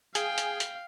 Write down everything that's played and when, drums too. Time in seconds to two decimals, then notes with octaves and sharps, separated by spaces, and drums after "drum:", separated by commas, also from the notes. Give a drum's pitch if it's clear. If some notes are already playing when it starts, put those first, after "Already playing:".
0.15 G#4 F5 G5, drum: hi-hat
0.38 drum: hi-hat
0.60 drum: hi-hat